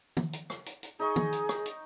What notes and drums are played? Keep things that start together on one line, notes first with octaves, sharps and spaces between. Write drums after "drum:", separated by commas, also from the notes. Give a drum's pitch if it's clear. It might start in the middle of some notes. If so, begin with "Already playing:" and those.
drum: tom
drum: hi-hat
drum: rim click
drum: hi-hat
drum: hi-hat
D#4 G#4 D#5 C#6
drum: tom
drum: hi-hat
drum: rim click
drum: hi-hat